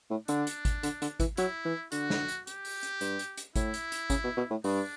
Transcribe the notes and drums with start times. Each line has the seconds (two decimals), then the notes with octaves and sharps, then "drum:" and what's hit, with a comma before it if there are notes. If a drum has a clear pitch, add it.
0.11 A2
0.28 D3 D4, drum: hi-hat
0.47 drum: hi-hat
0.65 drum: kick G#1, hi-hat
0.83 D3, drum: hi-hat
1.02 D3, drum: hi-hat
1.20 E3, drum: kick G#1, hi-hat
1.37 F#3 E4, drum: hi-hat
1.65 E3
1.92 D3 F#4, drum: hi-hat
2.10 drum: snare
2.28 drum: hi-hat
2.47 G4, drum: hi-hat
2.65 drum: open hi-hat
2.83 drum: hi-hat
3.01 G2, drum: hi-hat
3.19 drum: hi-hat
3.37 drum: hi-hat
3.56 A2 E4, drum: kick G#1, hi-hat
3.74 drum: hi-hat
3.92 drum: hi-hat
4.10 C#3, drum: kick G#1, hi-hat
4.24 B2
4.37 B2
4.51 A2
4.64 G2 D4, drum: open hi-hat